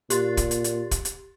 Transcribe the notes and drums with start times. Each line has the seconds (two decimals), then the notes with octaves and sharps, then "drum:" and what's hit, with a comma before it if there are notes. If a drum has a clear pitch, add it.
0.10 A#2 G4 C6 A6, drum: hi-hat
0.37 drum: kick, hi-hat
0.51 drum: hi-hat
0.64 drum: hi-hat
0.91 drum: kick, hi-hat
1.05 drum: hi-hat